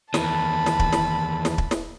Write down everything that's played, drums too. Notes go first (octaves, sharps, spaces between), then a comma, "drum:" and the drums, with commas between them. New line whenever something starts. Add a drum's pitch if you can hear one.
E2 D#3 A5 B5, drum: snare
drum: snare
drum: kick
drum: snare
drum: snare
drum: kick
drum: snare